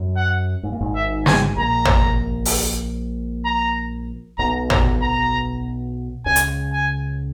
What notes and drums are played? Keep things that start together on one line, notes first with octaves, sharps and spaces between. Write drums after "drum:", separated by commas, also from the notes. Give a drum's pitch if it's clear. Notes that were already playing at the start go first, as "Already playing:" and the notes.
Already playing: F#2
F#5
G#2
A#2
G#1 G#2
E5
G#5, drum: snare
A#1 A#2 A#5
drum: tom
drum: open hi-hat
A#5
B1 B2 A#5
A#5, drum: tom
A#5
C#2 C#3 G#5
drum: hi-hat
G#5